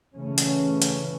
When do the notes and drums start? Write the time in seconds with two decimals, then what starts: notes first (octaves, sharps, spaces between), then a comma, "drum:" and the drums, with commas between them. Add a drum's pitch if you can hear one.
0.16 C#3 E3 A3 C#4
0.38 drum: hi-hat
0.82 drum: hi-hat